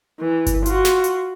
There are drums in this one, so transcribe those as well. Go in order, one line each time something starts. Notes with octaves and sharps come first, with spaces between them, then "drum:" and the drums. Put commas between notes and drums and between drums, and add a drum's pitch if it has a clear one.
E3
drum: kick G1, hi-hat
F4 F#4, drum: hi-hat
drum: snare
drum: hi-hat